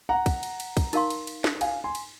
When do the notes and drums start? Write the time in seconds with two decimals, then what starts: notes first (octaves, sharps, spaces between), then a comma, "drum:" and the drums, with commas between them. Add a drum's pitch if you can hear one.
0.09 F#5 A#5
0.26 drum: kick, cymbal
0.43 drum: cymbal
0.60 drum: cymbal
0.77 drum: kick, cymbal
0.93 D#4 A#4 F5 C6, drum: cymbal
1.10 drum: cymbal
1.27 drum: cymbal
1.44 drum: snare
1.61 F5 G#5, drum: cymbal
1.84 G#5 C6
1.95 drum: cymbal